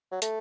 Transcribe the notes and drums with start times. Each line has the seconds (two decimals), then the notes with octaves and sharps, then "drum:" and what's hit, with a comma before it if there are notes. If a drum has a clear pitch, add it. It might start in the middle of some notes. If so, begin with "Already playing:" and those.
0.12 F#3
0.22 A3, drum: hi-hat